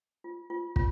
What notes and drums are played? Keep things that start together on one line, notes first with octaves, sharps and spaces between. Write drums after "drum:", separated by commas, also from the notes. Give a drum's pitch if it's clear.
F4
F4
F4, drum: kick